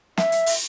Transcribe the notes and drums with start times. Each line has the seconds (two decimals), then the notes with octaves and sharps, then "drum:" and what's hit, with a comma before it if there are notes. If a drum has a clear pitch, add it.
0.17 E5, drum: snare
0.32 drum: hi-hat
0.46 drum: open hi-hat